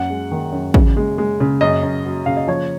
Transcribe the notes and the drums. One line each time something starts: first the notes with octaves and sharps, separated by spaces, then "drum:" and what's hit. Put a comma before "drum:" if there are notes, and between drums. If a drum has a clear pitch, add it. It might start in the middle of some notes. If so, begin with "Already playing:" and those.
Already playing: F#2 F#5
G#3
D#3
F#2
C#3, drum: kick
G#3
G#3
C#3
F#2 D#5
F#2
F#3
C#3 F5
D#5
F3 C#5